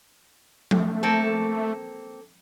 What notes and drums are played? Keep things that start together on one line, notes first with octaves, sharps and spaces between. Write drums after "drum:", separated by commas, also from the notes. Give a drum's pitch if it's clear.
A3, drum: tom F3
A#3 C4 A4